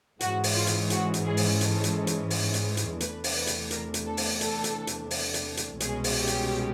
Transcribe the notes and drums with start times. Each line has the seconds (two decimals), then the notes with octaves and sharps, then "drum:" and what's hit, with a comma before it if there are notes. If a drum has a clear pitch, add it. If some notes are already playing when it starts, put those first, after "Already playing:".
0.21 G#2 E3 G#3 C#4 F#4, drum: hi-hat
0.44 drum: open hi-hat
0.55 F4
0.67 drum: hi-hat
0.90 F#4, drum: hi-hat
1.14 drum: hi-hat
1.26 G#4
1.37 drum: open hi-hat
1.61 A4, drum: hi-hat
1.84 drum: hi-hat
2.07 drum: hi-hat
2.30 drum: open hi-hat
2.54 drum: hi-hat
2.77 drum: hi-hat
3.00 E2 C3 E3 A3 D4 B4, drum: hi-hat
3.24 drum: open hi-hat
3.36 B4
3.47 drum: hi-hat
3.71 A#4, drum: hi-hat
3.94 drum: hi-hat
4.06 A4
4.17 drum: open hi-hat
4.41 A4, drum: hi-hat
4.64 drum: hi-hat
4.87 drum: hi-hat
5.11 drum: open hi-hat
5.34 drum: hi-hat
5.57 drum: hi-hat
5.80 C2 B2 G#3 C#4 G#4, drum: hi-hat
6.04 drum: open hi-hat
6.16 G4
6.27 drum: hi-hat